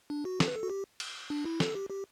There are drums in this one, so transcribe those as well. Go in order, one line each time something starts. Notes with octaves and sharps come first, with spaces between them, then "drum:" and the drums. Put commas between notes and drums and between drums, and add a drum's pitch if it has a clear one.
D4
F#4
A4, drum: snare
B4
A4
F#4
G4
drum: cymbal
D4
E4
A4, drum: snare
G4
G4